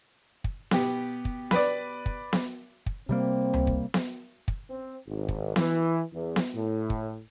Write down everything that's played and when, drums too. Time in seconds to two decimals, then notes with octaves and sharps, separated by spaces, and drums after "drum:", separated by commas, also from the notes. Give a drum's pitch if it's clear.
0.44 drum: kick
0.71 B2 B3 G4, drum: snare B3
1.25 drum: kick
1.51 B4 D5, drum: snare B3
2.06 drum: kick
2.33 drum: snare B3
2.86 drum: kick
3.09 C3 G3 A#3 C4
3.54 drum: tom C#2
3.67 drum: kick
3.94 drum: snare B3
4.48 drum: kick
4.68 C4
5.06 G#1
5.28 drum: kick
5.56 E3, drum: snare B3
6.13 E2
6.36 drum: snare B3
6.53 A2
6.90 drum: kick